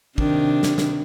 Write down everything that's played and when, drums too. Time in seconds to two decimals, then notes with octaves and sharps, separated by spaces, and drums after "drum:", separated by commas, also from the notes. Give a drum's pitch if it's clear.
0.18 C3 D#3 D4, drum: kick
0.63 drum: snare
0.78 drum: snare